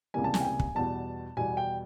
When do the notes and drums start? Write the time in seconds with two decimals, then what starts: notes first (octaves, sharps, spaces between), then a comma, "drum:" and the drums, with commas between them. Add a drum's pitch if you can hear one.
0.14 C#2 C3 E3 G3 A#3 G#5
0.24 A5
0.34 G#5, drum: snare
0.41 G5
0.44 G#5
0.60 drum: kick
0.75 E2 B2 G3 A5
1.37 E2 B2 G3 G#5
1.57 G5